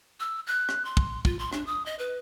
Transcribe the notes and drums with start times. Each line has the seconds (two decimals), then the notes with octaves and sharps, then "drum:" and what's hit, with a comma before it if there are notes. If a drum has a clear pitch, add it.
0.20 E6
0.47 F#6
0.69 drum: rim click
0.85 C6
0.97 drum: kick
1.25 F4, drum: kick
1.39 C6
1.53 D4, drum: rim click
1.67 D#6
1.86 D#5
1.99 B4